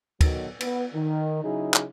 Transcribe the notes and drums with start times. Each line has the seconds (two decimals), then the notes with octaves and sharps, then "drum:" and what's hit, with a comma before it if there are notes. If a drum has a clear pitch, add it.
0.21 B1 B2 D#3 F#3, drum: kick, cymbal
0.61 B3, drum: cymbal
0.94 D#3
1.43 C#3 F#3 D#4 E4 G#4
1.74 drum: clap